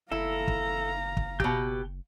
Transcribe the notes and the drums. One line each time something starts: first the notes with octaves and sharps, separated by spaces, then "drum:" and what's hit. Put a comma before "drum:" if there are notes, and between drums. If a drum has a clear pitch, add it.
F#1 E4 A4 F5 A#5
drum: kick
drum: kick
B2 G4 G6, drum: kick